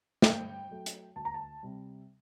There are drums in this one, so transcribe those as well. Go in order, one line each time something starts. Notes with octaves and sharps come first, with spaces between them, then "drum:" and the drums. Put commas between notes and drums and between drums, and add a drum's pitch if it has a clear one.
G2 G5, drum: snare
F#3 A3
drum: hi-hat
D2 A5
A#5
A5
C3 G3